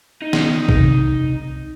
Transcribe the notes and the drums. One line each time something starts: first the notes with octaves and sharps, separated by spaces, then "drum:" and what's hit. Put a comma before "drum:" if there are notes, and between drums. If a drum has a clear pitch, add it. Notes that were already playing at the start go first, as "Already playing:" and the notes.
D#4
drum: snare
C2 C3, drum: kick